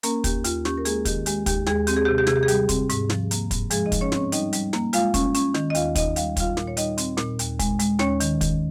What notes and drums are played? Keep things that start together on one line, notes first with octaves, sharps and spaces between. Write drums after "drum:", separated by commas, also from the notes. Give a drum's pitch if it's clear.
A#3 C#4 A#4, drum: hi-hat
D#2 G4, drum: kick, hi-hat
D#2 F4, drum: hi-hat
C#4 G4, drum: snare
A#4
G#3 A#3 G#4, drum: hi-hat
D#3 G4, drum: kick, hi-hat
G#3 G4, drum: hi-hat
D#2 G4, drum: kick, hi-hat
D#2 G#3 G#4, drum: snare
C4 G4, drum: hi-hat
G#4
C3 G4
G4
C3 G#4, drum: snare
G4
G#4
G3 G4, drum: hi-hat
C4, drum: kick, hi-hat
G#2, drum: hi-hat
F3, drum: snare
A#3, drum: hi-hat
G2, drum: kick, hi-hat
F3 G#3 G#4, drum: hi-hat
D#4 D#5
F3, drum: kick, hi-hat
C#4 C#5
C4 C#4 C#5, drum: snare
G3 D#4 D#5, drum: hi-hat
G3, drum: hi-hat
A#3, drum: snare
G#3 F4 F5, drum: hi-hat
C#4, drum: kick, hi-hat
C#4, drum: hi-hat
D#3, drum: snare
D#5
D#2 F4 F5, drum: hi-hat
D#2 D#4 D#5, drum: kick, hi-hat
G3 F5, drum: hi-hat
G3 F4 F5, drum: kick, hi-hat
A#2, drum: snare
C#5
G3 D#4 D#5, drum: hi-hat
C4, drum: hi-hat
A#2, drum: snare
D#2, drum: hi-hat
G#3, drum: kick, hi-hat
G#3, drum: hi-hat
D#2 C#4 C#5, drum: snare
D#3, drum: hi-hat
D#3, drum: kick, hi-hat